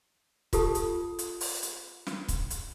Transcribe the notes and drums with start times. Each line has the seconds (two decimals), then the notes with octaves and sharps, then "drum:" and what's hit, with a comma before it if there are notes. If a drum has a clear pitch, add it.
0.53 F4 G4 A4 A5 D#6, drum: kick C#1, hi-hat
0.75 drum: hi-hat
1.19 drum: hi-hat
1.41 drum: open hi-hat
1.63 drum: hi-hat
2.06 drum: snare
2.28 drum: kick C#1, hi-hat
2.50 drum: hi-hat